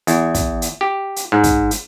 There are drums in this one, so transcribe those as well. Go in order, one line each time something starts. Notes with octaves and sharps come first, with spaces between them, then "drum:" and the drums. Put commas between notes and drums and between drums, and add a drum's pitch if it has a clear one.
E2, drum: hi-hat
drum: kick, hi-hat
drum: hi-hat
G4
drum: hi-hat
G#2
drum: kick, hi-hat
drum: hi-hat